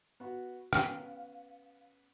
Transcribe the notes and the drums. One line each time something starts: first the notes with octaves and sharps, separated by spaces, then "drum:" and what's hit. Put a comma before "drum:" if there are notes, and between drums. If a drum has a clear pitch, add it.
B3 F#4
B3 C#4 F5, drum: rim click